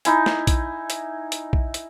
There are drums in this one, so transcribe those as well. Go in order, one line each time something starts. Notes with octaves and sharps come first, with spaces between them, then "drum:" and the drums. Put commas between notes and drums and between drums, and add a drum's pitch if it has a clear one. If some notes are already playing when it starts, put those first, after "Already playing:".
D#4 E4 G#5, drum: hi-hat
drum: snare
drum: kick A#1, hi-hat
drum: hi-hat
drum: hi-hat
drum: kick A#1
drum: hi-hat